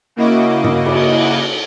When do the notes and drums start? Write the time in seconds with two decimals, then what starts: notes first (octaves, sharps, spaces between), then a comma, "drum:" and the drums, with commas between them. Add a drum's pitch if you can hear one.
0.16 C#3 A#3 E4 F#4 D#5 D6
0.64 drum: tom G2
0.85 drum: cymbal